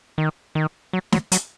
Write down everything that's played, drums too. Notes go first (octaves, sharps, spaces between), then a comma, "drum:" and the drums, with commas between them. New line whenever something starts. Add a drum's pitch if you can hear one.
D#3
D#3
F#3
F#3, drum: snare
F#3, drum: hi-hat